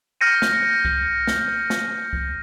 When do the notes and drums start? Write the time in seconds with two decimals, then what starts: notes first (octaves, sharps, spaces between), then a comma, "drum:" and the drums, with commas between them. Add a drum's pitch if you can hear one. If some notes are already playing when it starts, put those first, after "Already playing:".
0.21 F6 G6 A#6 C#7 D#7
0.42 drum: snare
0.85 drum: kick C2
1.27 drum: snare
1.70 drum: snare
2.13 drum: kick C2